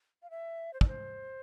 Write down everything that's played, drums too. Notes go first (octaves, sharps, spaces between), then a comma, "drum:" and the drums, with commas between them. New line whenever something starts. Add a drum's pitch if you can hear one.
F5
E5
C5
D5, drum: kick
C5